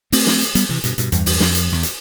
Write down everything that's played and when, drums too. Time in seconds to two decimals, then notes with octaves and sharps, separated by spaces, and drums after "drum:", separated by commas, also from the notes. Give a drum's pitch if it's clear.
0.12 A3 C4, drum: open hi-hat
0.27 drum: snare
0.41 drum: hi-hat
0.55 G3 B3, drum: hi-hat
0.69 C3 E3
0.84 G2 B2, drum: hi-hat
0.98 G2 B2, drum: hi-hat
1.12 E2 G2, drum: hi-hat
1.26 E2 G2, drum: open hi-hat
1.40 F2, drum: snare
1.55 drum: hi-hat
1.72 E2
1.83 drum: hi-hat